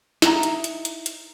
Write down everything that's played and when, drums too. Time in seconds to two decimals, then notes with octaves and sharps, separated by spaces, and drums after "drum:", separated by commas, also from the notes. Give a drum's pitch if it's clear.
0.22 D#4 E4 A#5, drum: snare
0.43 drum: hi-hat
0.64 drum: hi-hat
0.85 drum: hi-hat
1.06 drum: hi-hat